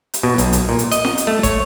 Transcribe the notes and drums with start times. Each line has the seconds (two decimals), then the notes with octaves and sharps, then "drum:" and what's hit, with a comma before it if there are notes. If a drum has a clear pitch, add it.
0.14 drum: hi-hat
0.23 B2
0.38 B1, drum: hi-hat
0.53 drum: hi-hat
0.69 A#2
0.79 drum: hi-hat
0.92 D#5, drum: hi-hat
1.05 drum: snare F4
1.18 drum: hi-hat
1.27 A3
1.43 C#5, drum: kick, hi-hat